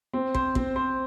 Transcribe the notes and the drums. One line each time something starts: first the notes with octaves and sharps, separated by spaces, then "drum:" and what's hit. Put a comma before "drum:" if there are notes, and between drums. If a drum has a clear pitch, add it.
C4
C5, drum: kick
C4, drum: kick
C5